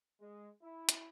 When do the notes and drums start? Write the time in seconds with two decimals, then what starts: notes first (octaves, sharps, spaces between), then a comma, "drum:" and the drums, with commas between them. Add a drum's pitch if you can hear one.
0.21 G#3
0.63 E4
0.89 drum: hi-hat